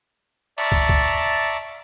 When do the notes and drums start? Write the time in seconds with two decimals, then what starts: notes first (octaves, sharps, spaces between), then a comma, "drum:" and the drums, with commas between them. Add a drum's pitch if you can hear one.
0.58 D5 E5 A5 A#5 C#6, drum: cymbal
0.72 drum: kick
0.89 drum: kick